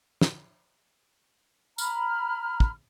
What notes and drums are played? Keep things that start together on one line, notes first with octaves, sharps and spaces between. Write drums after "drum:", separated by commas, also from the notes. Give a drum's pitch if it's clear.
drum: snare
A#5 B5 F6, drum: tambourine
drum: kick